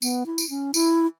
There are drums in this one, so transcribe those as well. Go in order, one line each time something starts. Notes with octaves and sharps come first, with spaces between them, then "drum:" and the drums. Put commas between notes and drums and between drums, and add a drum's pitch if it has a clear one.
B3, drum: tambourine
E4
drum: tambourine
C#4
E4, drum: tambourine